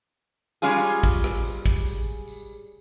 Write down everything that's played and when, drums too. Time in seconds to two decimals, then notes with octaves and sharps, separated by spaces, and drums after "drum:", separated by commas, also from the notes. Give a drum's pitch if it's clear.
0.62 G3 G#3 C#4 F4 G#4, drum: tambourine
1.03 drum: kick, tambourine
1.24 drum: rim click
1.45 drum: tambourine
1.66 drum: kick
1.86 drum: tambourine
2.28 drum: tambourine